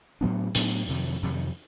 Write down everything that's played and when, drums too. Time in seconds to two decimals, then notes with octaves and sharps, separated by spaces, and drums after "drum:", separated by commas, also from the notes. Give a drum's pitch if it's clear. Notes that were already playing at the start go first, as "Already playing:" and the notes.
0.21 A2 F#3 B3 D4
0.55 A2 F#3 B3 D4, drum: hi-hat
0.89 F2 C3 D#3 F#3
1.22 F2 C3 D#3 F#3